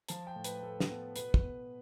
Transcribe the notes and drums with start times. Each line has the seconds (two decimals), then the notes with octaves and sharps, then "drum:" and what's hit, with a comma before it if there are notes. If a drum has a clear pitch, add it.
0.08 F3 A5, drum: hi-hat
0.27 G5
0.36 A2
0.44 B4, drum: hi-hat
0.63 A2 A4
0.80 drum: snare
0.90 B3
1.16 B2 B4, drum: hi-hat
1.34 drum: kick
1.43 B2